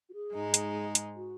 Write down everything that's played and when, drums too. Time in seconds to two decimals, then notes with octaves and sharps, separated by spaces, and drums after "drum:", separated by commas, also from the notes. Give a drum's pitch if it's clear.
0.09 F#4
0.13 G#4
0.33 G#2 G#3 D#4
0.54 drum: hi-hat
0.95 drum: hi-hat
1.15 F#4